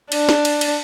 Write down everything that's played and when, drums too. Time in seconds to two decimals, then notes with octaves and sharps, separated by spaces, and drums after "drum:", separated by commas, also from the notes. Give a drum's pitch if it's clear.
0.12 D4, drum: cymbal
0.29 drum: snare
0.45 drum: cymbal
0.61 drum: cymbal